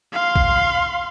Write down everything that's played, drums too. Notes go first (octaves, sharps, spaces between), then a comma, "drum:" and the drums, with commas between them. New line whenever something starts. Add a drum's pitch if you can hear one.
F5 C6
drum: kick A#1